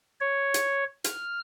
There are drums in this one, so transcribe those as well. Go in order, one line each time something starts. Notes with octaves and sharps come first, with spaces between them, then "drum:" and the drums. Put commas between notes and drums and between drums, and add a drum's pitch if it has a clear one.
C#5
drum: hi-hat
F6, drum: hi-hat